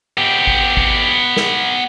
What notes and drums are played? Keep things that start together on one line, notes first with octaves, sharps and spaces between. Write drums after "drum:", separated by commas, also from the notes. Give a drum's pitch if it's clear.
B3 G4
drum: kick
drum: kick
drum: snare